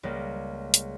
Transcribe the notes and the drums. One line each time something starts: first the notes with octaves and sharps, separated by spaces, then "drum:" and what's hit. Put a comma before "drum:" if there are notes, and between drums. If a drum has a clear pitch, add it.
C#2 G3 A#3
drum: hi-hat